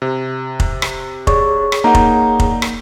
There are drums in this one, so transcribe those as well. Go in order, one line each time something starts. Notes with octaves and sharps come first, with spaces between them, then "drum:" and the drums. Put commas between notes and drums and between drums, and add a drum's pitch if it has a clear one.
C3
drum: kick
drum: rim click
G#4 C#5 D5 C#6, drum: kick
drum: rim click
A#3 D#4 F#5 A#5
drum: kick
drum: kick
drum: rim click